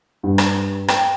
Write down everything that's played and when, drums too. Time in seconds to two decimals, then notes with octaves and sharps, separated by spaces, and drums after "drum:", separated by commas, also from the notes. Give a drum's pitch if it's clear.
0.23 G2
0.38 drum: rim click
0.88 G5, drum: rim click